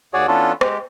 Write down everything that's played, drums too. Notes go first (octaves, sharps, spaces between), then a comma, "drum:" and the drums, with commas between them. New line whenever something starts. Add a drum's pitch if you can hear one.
D#2 F#4 G#4 C#5 D5
E3 B3 C#4 D4 F4 A4
G#3 G4, drum: rim click